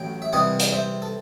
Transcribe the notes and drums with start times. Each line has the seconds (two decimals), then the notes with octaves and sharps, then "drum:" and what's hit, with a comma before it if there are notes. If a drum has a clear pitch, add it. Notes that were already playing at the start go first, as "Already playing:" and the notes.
Already playing: A1 A2 F#3 G5
0.22 E5
0.33 C2 C3 E3 G3 D#5 F#5
0.59 drum: hi-hat
0.73 C5 E5
1.02 A4